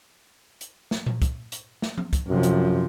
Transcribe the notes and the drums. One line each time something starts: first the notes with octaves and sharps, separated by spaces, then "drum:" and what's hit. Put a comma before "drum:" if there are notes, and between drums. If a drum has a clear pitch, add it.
drum: hi-hat
drum: snare
drum: tom A#2
drum: kick, hi-hat
drum: hi-hat
drum: snare
drum: tom F3
drum: kick, hi-hat
F#2 C3 F3
drum: hi-hat